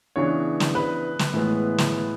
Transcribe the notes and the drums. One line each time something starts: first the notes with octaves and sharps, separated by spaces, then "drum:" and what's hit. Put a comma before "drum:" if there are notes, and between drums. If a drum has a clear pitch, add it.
C#3 E3 B3 D4 C#5
drum: snare
B4
drum: snare
A2 E3 G#3 B3
drum: snare